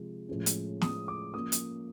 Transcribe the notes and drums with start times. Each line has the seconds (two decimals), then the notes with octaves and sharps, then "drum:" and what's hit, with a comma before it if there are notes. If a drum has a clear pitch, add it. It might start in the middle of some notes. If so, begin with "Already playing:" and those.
Already playing: C3 F3 G#3
0.29 A2 F3 G#3 C#4
0.46 drum: hi-hat
0.81 D#6, drum: snare
1.08 D6
1.34 F3 A#3 C#4 D#6
1.52 drum: hi-hat